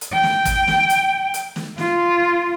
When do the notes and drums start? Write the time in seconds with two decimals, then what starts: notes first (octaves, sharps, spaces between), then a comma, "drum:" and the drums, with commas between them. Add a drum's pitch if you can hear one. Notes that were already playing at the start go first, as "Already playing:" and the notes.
0.01 drum: hi-hat
0.12 G5
0.23 drum: snare
0.45 drum: kick, hi-hat
0.67 drum: snare
0.90 drum: hi-hat
1.34 drum: hi-hat
1.56 drum: snare
1.78 F4, drum: snare